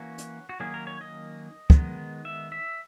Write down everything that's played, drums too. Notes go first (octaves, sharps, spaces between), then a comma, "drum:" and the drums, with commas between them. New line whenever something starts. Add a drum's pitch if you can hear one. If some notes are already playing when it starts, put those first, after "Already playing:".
Already playing: E3 A#3 C#4 F#4
drum: hi-hat
F#4
D#3 F#3 A#3 C#4 G#4
A#4
C#5
D#5
D#3 G#3 B3, drum: kick
E5
E5